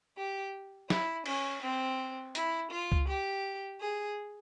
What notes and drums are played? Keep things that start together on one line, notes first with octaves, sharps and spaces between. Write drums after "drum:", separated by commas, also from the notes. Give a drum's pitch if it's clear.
G4
E4, drum: snare
C#4, drum: cymbal
C4
E4, drum: hi-hat
F4
drum: kick C#2
G4
G#4